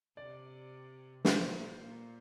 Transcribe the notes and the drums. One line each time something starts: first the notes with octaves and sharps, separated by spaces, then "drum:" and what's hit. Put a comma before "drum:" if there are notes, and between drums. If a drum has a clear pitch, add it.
C3 D5
A#2 C5, drum: snare
A#2